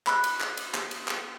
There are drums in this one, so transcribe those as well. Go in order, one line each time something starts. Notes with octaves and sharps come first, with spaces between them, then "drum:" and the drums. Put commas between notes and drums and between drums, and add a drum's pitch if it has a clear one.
B5 F#6, drum: clap
drum: cymbal
drum: clap
drum: cymbal
drum: clap
drum: cymbal
drum: clap